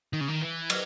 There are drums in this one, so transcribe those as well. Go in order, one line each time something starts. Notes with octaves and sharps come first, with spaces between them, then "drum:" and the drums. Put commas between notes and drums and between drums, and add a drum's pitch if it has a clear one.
D#3
C#3
D#3
E3
F#3, drum: cymbal